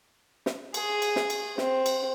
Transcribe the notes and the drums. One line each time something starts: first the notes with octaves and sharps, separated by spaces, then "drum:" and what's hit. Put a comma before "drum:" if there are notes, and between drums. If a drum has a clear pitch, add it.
drum: snare
G#4, drum: cymbal
drum: cymbal
drum: snare
drum: cymbal
C4, drum: snare
drum: cymbal